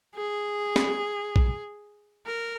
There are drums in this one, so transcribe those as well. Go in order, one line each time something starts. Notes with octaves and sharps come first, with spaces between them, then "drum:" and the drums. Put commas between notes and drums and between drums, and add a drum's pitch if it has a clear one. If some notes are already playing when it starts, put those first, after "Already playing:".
G#4
drum: snare G#4
drum: kick
A#4